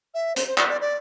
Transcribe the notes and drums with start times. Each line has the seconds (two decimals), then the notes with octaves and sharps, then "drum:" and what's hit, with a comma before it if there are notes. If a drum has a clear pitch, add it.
0.14 E5
0.36 C5, drum: hi-hat
0.47 C5
0.58 D5, drum: clap
0.69 D5
0.81 D5